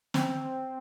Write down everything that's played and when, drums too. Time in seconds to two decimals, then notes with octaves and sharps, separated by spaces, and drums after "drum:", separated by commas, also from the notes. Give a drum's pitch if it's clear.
0.14 C4, drum: snare